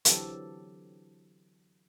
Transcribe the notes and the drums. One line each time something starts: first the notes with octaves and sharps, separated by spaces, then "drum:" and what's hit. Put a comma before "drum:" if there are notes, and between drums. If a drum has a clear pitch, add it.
D3 E3 F#3 C4 G4 A4, drum: hi-hat